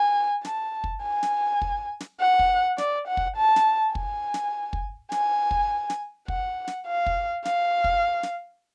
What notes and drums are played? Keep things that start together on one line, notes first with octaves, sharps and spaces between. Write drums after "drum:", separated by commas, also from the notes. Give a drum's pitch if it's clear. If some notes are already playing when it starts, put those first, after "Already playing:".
Already playing: G#5
A5, drum: snare
drum: kick
G#5
drum: snare
drum: kick
drum: snare
F#5
drum: kick
D5, drum: snare
F#5
drum: kick
A5
drum: snare
G#5, drum: kick
drum: snare
drum: kick
G#5, drum: snare
drum: kick
drum: snare
F#5, drum: kick
drum: snare
F5
drum: kick
F5, drum: snare
drum: kick
drum: snare